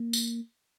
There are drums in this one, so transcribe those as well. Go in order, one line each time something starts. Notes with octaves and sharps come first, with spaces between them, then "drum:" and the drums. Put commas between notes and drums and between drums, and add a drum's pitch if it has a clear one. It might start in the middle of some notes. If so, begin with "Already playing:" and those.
Already playing: A#3
drum: tambourine